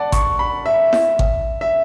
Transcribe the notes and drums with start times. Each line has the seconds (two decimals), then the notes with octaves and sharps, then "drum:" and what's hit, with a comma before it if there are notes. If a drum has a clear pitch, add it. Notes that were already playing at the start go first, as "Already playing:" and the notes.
Already playing: D5 F#5 A5
0.12 C#6, drum: kick G#1, hi-hat
0.39 B5
0.66 E5
0.93 drum: snare E4
1.19 drum: kick G#1
1.61 E5